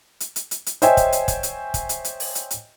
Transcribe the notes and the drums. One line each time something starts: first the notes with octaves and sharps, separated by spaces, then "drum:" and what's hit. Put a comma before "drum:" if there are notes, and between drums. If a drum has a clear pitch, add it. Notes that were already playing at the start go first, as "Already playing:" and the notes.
drum: hi-hat
drum: hi-hat
drum: hi-hat
drum: hi-hat
C5 C#5 D#5 E5 G5 G#5, drum: hi-hat
drum: kick, hi-hat
drum: hi-hat
drum: kick, hi-hat
drum: hi-hat
drum: kick, hi-hat
drum: hi-hat
drum: hi-hat
drum: open hi-hat
drum: hi-hat
drum: hi-hat